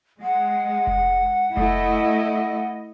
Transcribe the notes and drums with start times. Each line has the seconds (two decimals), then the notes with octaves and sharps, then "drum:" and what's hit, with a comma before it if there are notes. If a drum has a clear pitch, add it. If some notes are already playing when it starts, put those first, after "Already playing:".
0.22 G#3 F#5
0.87 drum: kick F1
1.57 A3 E4 D#5, drum: kick F1